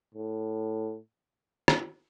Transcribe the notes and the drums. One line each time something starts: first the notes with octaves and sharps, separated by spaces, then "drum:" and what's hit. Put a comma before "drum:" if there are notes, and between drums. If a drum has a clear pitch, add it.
A2
drum: rim click